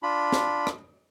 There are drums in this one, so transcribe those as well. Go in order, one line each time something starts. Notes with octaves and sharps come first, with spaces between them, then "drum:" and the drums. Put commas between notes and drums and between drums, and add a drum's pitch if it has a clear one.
D4 F4 B5
drum: snare
drum: rim click